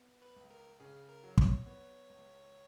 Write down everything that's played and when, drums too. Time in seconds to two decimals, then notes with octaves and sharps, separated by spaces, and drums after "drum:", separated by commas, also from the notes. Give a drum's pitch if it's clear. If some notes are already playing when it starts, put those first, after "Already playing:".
Already playing: B3
0.22 B4
0.36 C#2
0.51 A#4
0.80 C#3 G#4
1.09 A#4
1.23 F#3
1.38 C#5, drum: kick
1.66 B3 C#5
2.10 C#2